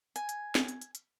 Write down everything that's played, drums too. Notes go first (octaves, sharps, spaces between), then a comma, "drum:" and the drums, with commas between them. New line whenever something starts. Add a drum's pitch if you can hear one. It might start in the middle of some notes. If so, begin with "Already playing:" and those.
G#5, drum: hi-hat
drum: hi-hat
drum: snare
drum: hi-hat
drum: hi-hat
drum: hi-hat